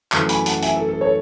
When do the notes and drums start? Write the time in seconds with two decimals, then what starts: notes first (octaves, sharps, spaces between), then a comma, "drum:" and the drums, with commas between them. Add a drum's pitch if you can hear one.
0.12 F#2 E3 A3 A5 C#6, drum: clap
0.29 G#5 B5, drum: hi-hat
0.46 F#5 A5, drum: hi-hat
0.62 E5 G#5, drum: hi-hat
0.76 A4
0.89 A4
1.01 A4 C#5